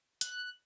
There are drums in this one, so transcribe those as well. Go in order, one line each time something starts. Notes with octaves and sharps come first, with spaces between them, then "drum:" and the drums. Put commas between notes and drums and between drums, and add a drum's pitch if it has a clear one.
F#6, drum: hi-hat